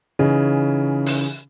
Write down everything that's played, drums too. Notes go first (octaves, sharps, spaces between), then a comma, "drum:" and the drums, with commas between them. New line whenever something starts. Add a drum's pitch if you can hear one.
C#3 E3 C#4 D#4 G#4
drum: open hi-hat